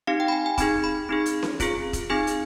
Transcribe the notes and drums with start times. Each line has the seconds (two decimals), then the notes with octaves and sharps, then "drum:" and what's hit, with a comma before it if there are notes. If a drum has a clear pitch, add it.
0.07 C4 D#4 G4 F5
0.20 G5
0.28 B5
0.32 G#5
0.46 G#5
0.58 C4 D#4 G#4 B5, drum: kick E1, hi-hat
0.84 B5
1.09 C4 D#4 G#4
1.26 drum: hi-hat
1.43 drum: snare C#4
1.60 C4 F4 G#4, drum: kick E1, hi-hat
1.93 drum: kick E1, hi-hat
2.10 C4 D#4 G#4 G#5
2.27 drum: hi-hat